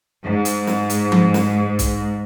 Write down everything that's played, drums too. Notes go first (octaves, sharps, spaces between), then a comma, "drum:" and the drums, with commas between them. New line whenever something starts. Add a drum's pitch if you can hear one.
G#2
drum: hi-hat
drum: snare
drum: hi-hat
drum: tom F3
drum: snare
drum: kick, hi-hat